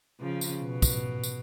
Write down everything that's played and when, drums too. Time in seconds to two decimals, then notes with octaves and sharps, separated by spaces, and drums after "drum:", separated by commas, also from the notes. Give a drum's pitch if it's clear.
0.21 C#3 F3
0.41 drum: tambourine
0.62 B2
0.82 drum: kick, tambourine
1.24 drum: tambourine